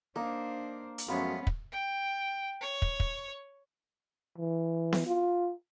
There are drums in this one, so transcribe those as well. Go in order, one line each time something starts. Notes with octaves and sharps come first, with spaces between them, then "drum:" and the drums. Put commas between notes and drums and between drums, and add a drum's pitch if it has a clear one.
A#3 D4 D#4 C5
drum: hi-hat
F#2 F3 G#3 A3 B3 C#4 B5
drum: kick
G5
C#5
drum: kick
drum: kick
E3
drum: snare B3
F4